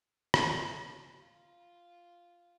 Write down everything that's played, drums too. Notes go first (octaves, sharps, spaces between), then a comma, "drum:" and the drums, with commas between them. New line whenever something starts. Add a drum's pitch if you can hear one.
drum: rim click
F4